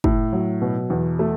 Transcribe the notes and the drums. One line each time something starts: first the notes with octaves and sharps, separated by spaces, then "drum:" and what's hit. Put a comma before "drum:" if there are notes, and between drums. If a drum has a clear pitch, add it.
A2, drum: kick
F#3
B2
E2
A3